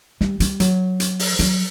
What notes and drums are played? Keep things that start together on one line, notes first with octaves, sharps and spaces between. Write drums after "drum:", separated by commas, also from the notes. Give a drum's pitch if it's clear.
G3, drum: snare
G3, drum: hi-hat
F#3, drum: hi-hat
drum: hi-hat
drum: open hi-hat
F#3, drum: hi-hat